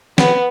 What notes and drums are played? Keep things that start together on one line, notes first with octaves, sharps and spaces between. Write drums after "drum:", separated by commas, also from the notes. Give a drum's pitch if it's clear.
B3, drum: snare